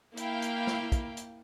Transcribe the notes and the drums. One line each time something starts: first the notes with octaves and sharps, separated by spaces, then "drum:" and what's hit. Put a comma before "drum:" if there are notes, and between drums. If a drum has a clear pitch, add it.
A#3 E4 F5 G5, drum: hi-hat
drum: hi-hat
drum: snare
drum: kick, hi-hat
drum: hi-hat